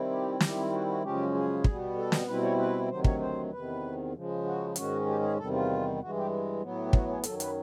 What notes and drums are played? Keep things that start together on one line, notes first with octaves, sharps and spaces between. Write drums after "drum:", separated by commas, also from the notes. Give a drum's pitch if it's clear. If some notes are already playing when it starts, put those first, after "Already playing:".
Already playing: C3 D#3 G3 C4 E4
G4
D#3 G3 C4 E4 G4, drum: snare
F#4
F#4
F#2 C#3 F3 G#3 C#4 G4
G#4
B2 G3 B3, drum: kick
A4
drum: snare
B2 G3 C4 E4 B4
C#5
B4
D2 C3 D#3 F#3 C5
C#5, drum: kick
C5
E2 C3 D#3 B4
C#3 F3 G#3
F#4
G#2 D#3 G#3 C#4 F#4, drum: hi-hat
G4
G#4
E2 C3 D#3 G3 A4
F4
G2 E3 G#3 F#4
G4
A2 F#3 B3
G4
F#4, drum: kick
G#4
F#2 D#3 F#3 A4, drum: hi-hat
B4, drum: hi-hat